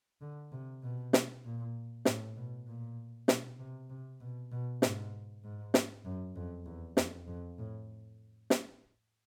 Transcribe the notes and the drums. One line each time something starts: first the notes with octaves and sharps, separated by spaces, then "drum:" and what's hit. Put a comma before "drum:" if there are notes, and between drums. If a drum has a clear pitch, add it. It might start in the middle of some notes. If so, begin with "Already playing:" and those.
D3
C3
B2
drum: snare
A#2
A2, drum: snare
B2
A#2
B2, drum: snare
C3
C3
B2
B2
G#2, drum: snare
G#2
drum: snare
F#2
F2
E2
F2, drum: snare
F2
A2
drum: snare